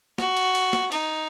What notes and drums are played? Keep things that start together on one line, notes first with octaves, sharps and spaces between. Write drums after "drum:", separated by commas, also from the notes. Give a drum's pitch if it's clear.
F#4, drum: snare
drum: cymbal
drum: cymbal
drum: snare
D#4, drum: cymbal